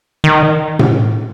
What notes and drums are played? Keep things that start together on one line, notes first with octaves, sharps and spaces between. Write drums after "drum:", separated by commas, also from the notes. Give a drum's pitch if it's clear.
D#3
drum: tom A2